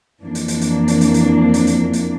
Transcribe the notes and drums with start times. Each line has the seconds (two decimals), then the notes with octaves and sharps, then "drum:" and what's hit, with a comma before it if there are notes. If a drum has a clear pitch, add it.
0.22 F2 E3 A#3 D4
0.35 drum: hi-hat
0.48 drum: hi-hat
0.61 drum: hi-hat
0.88 drum: hi-hat
1.01 drum: hi-hat
1.14 drum: hi-hat
1.54 drum: hi-hat
1.67 drum: hi-hat
1.93 drum: hi-hat